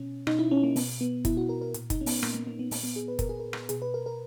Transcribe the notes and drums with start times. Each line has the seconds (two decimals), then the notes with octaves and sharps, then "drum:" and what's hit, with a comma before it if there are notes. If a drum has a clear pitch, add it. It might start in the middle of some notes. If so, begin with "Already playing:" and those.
Already playing: B2 C#4
0.27 B2 D#4, drum: rim click
0.39 E4
0.51 C#4
0.64 A#3
0.76 B2 B3, drum: open hi-hat
1.01 B3
1.25 B2 E4, drum: kick, hi-hat
1.37 F#4
1.49 A#4
1.61 A#4
1.74 A#2, drum: hi-hat
1.90 D#4, drum: kick, hi-hat
2.01 C#4
2.06 B3, drum: open hi-hat
2.23 A#2 A#3, drum: rim click
2.34 A#3
2.47 A#3
2.59 B3
2.71 A#2 A#3, drum: open hi-hat
2.83 B3
2.96 G#4
3.08 B4
3.19 A#2 A#4, drum: kick, hi-hat
3.29 G#4
3.40 A#4
3.53 drum: rim click
3.69 B2 G#4, drum: hi-hat
3.82 B4
3.94 A#4
4.06 A#4